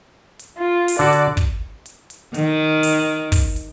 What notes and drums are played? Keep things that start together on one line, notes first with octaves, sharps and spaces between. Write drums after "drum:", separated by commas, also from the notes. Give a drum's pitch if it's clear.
drum: hi-hat
F4
drum: open hi-hat
D3 F#4 D5 F#5
drum: hi-hat
drum: kick, hi-hat
drum: hi-hat
drum: hi-hat
D#3, drum: hi-hat
drum: open hi-hat
drum: kick, open hi-hat
drum: hi-hat